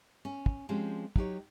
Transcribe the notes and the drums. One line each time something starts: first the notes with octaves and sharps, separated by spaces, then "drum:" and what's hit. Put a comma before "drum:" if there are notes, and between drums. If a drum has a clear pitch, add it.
C#4
drum: kick
F3 G#3 C4 C#4 G4
F#3 D#4 G4 C#5, drum: kick